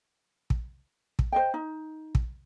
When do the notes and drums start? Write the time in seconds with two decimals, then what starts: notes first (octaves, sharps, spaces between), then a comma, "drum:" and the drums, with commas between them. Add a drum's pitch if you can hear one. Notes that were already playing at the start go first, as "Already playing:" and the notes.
0.50 drum: kick
1.19 drum: kick
1.32 C5 D#5 G5
1.54 D#4
2.15 drum: kick